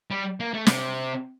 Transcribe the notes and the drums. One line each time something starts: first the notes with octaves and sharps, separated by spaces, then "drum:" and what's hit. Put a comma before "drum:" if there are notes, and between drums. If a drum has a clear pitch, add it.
G3
A#3
A3
C3, drum: snare